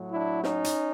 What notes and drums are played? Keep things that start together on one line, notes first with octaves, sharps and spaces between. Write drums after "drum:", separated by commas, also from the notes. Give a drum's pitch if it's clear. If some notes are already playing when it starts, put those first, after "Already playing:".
Already playing: A2 F#3
D4 E4
C#4 D#4, drum: snare
drum: hi-hat